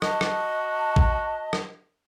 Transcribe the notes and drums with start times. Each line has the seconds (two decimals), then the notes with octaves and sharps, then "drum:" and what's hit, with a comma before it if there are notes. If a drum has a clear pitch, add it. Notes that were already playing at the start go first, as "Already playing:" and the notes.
0.02 F#4 D#5 A5, drum: rim click
0.21 drum: rim click
0.96 drum: kick A1
1.53 drum: rim click